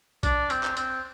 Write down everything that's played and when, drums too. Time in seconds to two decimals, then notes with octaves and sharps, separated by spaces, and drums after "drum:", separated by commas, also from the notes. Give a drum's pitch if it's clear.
0.23 D4, drum: kick B1, hi-hat
0.50 C4, drum: hi-hat
0.63 drum: clap
0.77 C4, drum: hi-hat